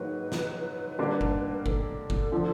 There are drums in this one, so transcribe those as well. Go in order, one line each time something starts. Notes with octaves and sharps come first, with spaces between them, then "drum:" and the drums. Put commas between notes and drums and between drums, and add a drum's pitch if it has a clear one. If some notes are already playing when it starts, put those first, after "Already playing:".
Already playing: G#2 D#3 F#3 A#3 B4
drum: snare
D3 G3 A#3 D4
drum: kick G1
A#4
A4, drum: kick G1
drum: kick G1
D3 F3